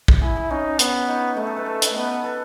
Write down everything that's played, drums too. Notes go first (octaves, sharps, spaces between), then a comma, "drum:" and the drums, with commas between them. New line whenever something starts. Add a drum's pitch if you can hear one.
drum: kick
E4 G#4
G#4
C#4 D#4
B3, drum: hi-hat
D#4
A3 D#4
A4
B4
A4
drum: hi-hat
B3 B4
A4